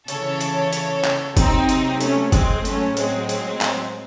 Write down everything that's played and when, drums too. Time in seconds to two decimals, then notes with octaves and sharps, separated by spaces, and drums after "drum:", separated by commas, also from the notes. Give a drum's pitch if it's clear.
0.08 C#3 E3 A4 C#5, drum: hi-hat
0.41 drum: hi-hat
0.73 drum: hi-hat
1.05 drum: clap
1.37 C3 F#3 C4 D#4, drum: kick F#1, hi-hat
1.69 drum: hi-hat
2.01 A3 C#4, drum: hi-hat
2.32 G#3 C4, drum: kick F#1, hi-hat
2.65 A2 F#3 A3 C#4, drum: hi-hat
2.97 G#3 C4, drum: hi-hat
3.29 drum: hi-hat
3.61 drum: clap